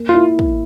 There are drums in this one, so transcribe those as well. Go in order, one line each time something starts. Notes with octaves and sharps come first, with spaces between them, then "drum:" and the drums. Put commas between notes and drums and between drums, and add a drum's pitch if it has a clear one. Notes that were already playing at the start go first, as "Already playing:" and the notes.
Already playing: A#3
E4 F4
drum: kick